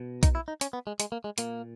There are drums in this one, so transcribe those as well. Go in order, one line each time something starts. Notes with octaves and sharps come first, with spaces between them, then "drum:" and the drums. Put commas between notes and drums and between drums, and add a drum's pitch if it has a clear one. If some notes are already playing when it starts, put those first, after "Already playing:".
Already playing: B2
D#4, drum: kick B1, hi-hat
E4
D#4
C#4, drum: hi-hat
B3
G#3
G#3, drum: hi-hat
A#3
G#3
A#2 A#3, drum: hi-hat